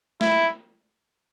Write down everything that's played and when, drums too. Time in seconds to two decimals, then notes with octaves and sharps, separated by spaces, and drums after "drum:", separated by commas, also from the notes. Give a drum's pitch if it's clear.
0.21 E4, drum: snare